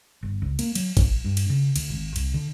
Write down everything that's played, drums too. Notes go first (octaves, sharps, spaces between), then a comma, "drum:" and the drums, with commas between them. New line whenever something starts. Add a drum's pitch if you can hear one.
G1
C#2
A#3, drum: cymbal
F#3, drum: cymbal
A#1, drum: kick, cymbal
G2
drum: cymbal
C#3
D2, drum: cymbal
G#1
C2, drum: cymbal
D3